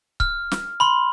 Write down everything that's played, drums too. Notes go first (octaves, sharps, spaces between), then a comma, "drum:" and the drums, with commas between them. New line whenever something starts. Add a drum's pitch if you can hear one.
F6, drum: kick C#1
drum: snare
B5 C6